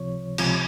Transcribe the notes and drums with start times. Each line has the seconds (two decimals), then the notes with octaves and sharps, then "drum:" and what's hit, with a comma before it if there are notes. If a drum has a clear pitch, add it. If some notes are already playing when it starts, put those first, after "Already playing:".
Already playing: C#2 C3 F3 C#5
0.38 C#2 C3 F3, drum: cymbal